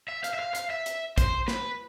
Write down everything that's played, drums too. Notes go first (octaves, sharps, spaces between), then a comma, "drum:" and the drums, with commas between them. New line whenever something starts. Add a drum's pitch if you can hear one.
E5
F5, drum: hi-hat
E5
F5
F5, drum: hi-hat
E5
drum: hi-hat
C5, drum: kick A#1, hi-hat
B4, drum: snare